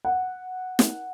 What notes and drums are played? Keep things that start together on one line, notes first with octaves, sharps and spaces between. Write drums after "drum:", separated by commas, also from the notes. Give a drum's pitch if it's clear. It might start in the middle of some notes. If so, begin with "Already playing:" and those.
F#5
drum: snare